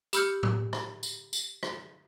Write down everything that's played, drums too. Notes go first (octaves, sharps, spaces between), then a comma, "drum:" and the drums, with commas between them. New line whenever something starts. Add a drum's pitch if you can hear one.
G4 B5 E6 F6 G6 C#7, drum: tambourine
drum: tom A2
drum: rim click
drum: tambourine
drum: tambourine
drum: rim click